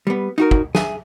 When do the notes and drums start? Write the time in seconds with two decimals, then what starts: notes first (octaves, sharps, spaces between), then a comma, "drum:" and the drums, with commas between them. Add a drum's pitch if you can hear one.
0.07 G3 B3
0.38 D#4 F#4 A#4
0.51 drum: kick
0.75 G#4 E5, drum: snare